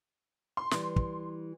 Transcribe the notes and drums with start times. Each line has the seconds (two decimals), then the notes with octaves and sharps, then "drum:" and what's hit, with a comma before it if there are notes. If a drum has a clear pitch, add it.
0.57 C6
0.71 E3 G3, drum: snare
0.96 drum: kick